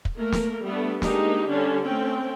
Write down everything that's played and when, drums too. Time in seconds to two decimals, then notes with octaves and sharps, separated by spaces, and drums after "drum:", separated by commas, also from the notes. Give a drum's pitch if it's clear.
0.05 drum: kick
0.16 A3 A#3 A#4
0.32 drum: snare
0.63 G3 A3 B3 D4
1.02 G#3 A#3 D4 D#4 G4, drum: snare
1.47 D3 G3 C#4 D4
1.83 A3 C4 C#4 G5